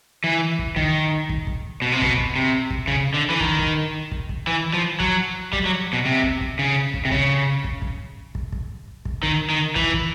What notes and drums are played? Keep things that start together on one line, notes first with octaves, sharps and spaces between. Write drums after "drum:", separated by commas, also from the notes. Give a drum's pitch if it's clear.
E3
drum: kick
D#3, drum: kick
drum: kick
drum: kick
B2
C3
B2, drum: kick
drum: kick
C3
drum: kick
C#3, drum: kick
D3
E3
D#3, drum: kick
drum: kick
drum: kick
drum: kick
E3
F3
F#3, drum: kick
G3, drum: kick
F#3
B2
C3
drum: kick
drum: kick
C#3
drum: kick
C3
C#3, drum: kick
drum: kick
drum: kick
drum: kick
drum: kick
drum: kick
D#3, drum: kick
D#3
E3, drum: kick
drum: kick